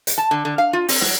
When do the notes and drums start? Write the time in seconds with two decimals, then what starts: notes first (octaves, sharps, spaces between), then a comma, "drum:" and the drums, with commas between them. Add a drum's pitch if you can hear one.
0.07 drum: hi-hat
0.18 A5
0.31 D3
0.45 D3
0.58 F5
0.73 F4
0.88 C4, drum: open hi-hat
1.01 F#3, drum: snare